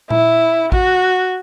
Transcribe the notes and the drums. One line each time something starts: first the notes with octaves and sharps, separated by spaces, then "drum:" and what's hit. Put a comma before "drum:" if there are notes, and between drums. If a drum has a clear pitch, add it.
E4, drum: tom A#2
F#4, drum: kick A1